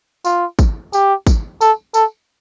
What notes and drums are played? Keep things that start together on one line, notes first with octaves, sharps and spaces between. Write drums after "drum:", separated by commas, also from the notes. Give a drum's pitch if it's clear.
F4, drum: tambourine
drum: kick G#1, tambourine
G4, drum: tambourine
drum: kick G#1, tambourine
A4, drum: tambourine
A4, drum: tambourine